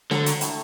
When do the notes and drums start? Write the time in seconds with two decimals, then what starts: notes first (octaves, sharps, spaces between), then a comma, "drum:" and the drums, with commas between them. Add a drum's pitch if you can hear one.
0.11 D3 F#3, drum: snare
0.26 F#3, drum: hi-hat
0.41 A2, drum: hi-hat